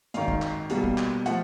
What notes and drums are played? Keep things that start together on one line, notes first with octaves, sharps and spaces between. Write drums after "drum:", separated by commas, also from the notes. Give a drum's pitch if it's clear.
G#1 F#2 D#3 F5, drum: hi-hat
drum: kick
drum: clap
B1 B2 G3 A#3, drum: hi-hat
drum: kick
drum: clap
F3 A3 F#5, drum: hi-hat